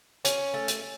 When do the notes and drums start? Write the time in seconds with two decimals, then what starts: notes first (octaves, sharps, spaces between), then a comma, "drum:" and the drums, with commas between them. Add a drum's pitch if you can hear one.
0.25 C#4, drum: hi-hat
0.54 A3
0.68 drum: hi-hat